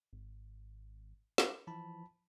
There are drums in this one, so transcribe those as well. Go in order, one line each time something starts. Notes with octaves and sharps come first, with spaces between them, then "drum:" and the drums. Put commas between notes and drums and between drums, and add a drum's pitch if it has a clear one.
G#1
drum: snare
E3 F3 A5 B5